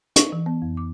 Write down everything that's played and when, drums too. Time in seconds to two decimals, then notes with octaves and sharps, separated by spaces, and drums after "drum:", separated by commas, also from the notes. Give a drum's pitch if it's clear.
0.16 C#6, drum: hi-hat
0.32 E3
0.46 B3
0.62 F2
0.77 D6